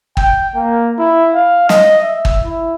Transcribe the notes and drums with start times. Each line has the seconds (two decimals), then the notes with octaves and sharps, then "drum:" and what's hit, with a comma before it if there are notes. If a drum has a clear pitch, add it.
0.17 G5, drum: kick
0.56 A#3
0.98 E4
1.34 F5
1.69 D#5, drum: snare
2.02 E5
2.25 drum: kick
2.44 E4